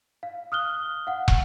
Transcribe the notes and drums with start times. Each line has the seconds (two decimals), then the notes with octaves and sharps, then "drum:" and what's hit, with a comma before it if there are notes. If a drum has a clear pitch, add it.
0.23 F5
0.52 D#6 F6 F#6 G7
1.07 F5 F#5
1.28 drum: kick